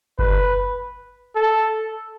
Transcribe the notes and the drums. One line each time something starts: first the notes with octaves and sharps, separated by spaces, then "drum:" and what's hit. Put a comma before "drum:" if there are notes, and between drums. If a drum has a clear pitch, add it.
B4, drum: kick F#1
A4